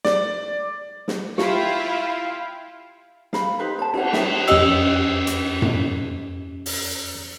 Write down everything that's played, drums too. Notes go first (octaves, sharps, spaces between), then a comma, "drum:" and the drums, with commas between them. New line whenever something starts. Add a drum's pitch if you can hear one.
D5, drum: snare
drum: snare
E4 F4 G4 F5 G5, drum: snare
F5 B5, drum: snare
D#4 G4 B4 C5
C5 A5
E4 F#5, drum: cymbal
D#4 E5 G5, drum: snare
F2 C#4 G4 D#5 E6, drum: cymbal
drum: hi-hat
drum: tom F#2
drum: open hi-hat